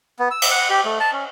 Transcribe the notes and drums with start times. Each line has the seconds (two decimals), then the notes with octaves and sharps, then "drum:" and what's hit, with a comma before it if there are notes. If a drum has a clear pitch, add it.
0.19 B3
0.31 E6
0.42 drum: cymbal
0.51 F#5
0.70 G4
0.85 A3
1.00 A5
1.13 C#4